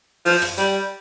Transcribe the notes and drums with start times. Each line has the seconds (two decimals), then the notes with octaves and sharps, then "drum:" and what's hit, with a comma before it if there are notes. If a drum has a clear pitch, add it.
0.25 F3, drum: open hi-hat
0.42 drum: rim click
0.57 G3, drum: hi-hat